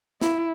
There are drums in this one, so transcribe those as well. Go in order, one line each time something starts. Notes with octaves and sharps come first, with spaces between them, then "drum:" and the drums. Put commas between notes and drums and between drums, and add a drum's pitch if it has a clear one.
E4, drum: snare